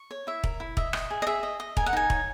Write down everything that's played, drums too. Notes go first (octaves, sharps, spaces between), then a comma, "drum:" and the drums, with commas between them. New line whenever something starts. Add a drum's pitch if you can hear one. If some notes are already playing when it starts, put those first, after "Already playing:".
Already playing: C#6
C#5
E4 E5
A#4, drum: kick
E4
D#5 E5, drum: kick
D#5, drum: rim click
G#4
D#5
G#4 E5
D#5
D#5
A#4 G#5, drum: kick
F#5
D#4 G#5
C#5, drum: kick